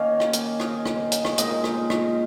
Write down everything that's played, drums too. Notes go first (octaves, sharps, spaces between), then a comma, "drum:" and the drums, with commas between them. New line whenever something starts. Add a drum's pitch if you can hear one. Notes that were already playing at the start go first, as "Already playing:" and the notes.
Already playing: D#3 A#3 C#4 F5
drum: rim click
drum: hi-hat
D#5, drum: rim click
drum: rim click
drum: hi-hat
drum: rim click
A#2 G#3 D#4 D#5, drum: hi-hat
drum: rim click
drum: rim click